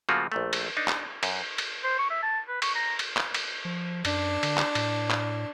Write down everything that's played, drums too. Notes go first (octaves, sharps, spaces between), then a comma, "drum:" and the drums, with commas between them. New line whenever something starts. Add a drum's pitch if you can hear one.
C#3 F3 A3 A#3 F4 F#4
A#1 A#2 A3
drum: cymbal
D4 D#4
drum: clap
F#2, drum: cymbal
drum: cymbal
C5
C#6
E5
A5
B4
C#6, drum: cymbal
A#5
drum: cymbal
drum: clap
drum: cymbal
F3
F#2 D4, drum: cymbal
D3, drum: cymbal
drum: clap
A2, drum: cymbal
drum: clap